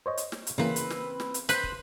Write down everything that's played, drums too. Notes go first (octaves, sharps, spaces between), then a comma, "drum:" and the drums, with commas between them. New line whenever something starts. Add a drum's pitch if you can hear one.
C5 C#5 D#5
drum: hi-hat
drum: snare
drum: hi-hat
C#3 E3 A#3 C4 B4
drum: hi-hat
drum: snare
drum: snare
drum: hi-hat
B4 C5, drum: hi-hat
drum: kick